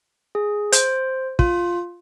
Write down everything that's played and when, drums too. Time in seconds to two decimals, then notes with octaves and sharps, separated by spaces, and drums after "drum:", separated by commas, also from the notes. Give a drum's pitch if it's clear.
0.35 G#4
0.72 C5, drum: hi-hat
1.39 F4, drum: kick